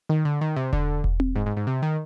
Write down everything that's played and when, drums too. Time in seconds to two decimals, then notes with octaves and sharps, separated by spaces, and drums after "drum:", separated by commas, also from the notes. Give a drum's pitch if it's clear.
0.09 D#3
0.25 D3
0.41 D#3
0.56 C3
0.73 D3, drum: kick E1
1.04 drum: kick E1
1.20 drum: tom C4
1.36 G#2
1.46 G#2
1.57 G#2
1.67 C3
1.82 D#3